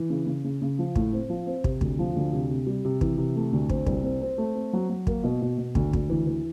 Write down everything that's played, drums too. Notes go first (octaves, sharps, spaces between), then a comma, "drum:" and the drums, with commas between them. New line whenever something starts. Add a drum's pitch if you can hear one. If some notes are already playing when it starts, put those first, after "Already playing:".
Already playing: E3
C#3
C#3
C#3
C#3
F3
A2, drum: kick
C4
F3
C4
C3, drum: kick
D2, drum: kick
F3
D2
C3
C3
G3
C3
E3, drum: kick
C3
A3
D2
C4, drum: kick
C2, drum: kick
C4
C4
A3
C4
F#3
F#3
A#3, drum: kick
B2
B2
B2
D2, drum: kick
D2, drum: kick
E3
E3